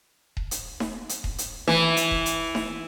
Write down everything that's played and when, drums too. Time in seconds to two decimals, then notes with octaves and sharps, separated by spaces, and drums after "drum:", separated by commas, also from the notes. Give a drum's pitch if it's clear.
0.37 drum: kick D#1
0.51 drum: hi-hat
0.80 drum: snare D#4
1.09 drum: hi-hat
1.24 drum: kick D#1
1.38 drum: hi-hat
1.68 E3, drum: snare D#4
1.97 drum: hi-hat
2.11 drum: kick D#1
2.26 drum: hi-hat
2.55 drum: snare D#4